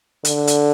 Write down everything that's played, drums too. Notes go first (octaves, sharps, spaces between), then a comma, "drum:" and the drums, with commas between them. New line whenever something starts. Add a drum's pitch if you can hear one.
D3, drum: hi-hat
drum: hi-hat